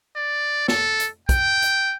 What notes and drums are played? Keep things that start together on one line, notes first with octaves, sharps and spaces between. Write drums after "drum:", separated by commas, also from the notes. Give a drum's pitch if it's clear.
D5
A4, drum: snare
drum: hi-hat
G5, drum: kick, hi-hat
drum: hi-hat